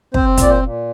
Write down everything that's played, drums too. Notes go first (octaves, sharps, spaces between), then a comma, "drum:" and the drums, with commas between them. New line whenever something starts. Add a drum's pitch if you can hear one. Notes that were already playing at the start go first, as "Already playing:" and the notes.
C4 C5, drum: kick
A#2 D5, drum: kick, hi-hat
C5
A#2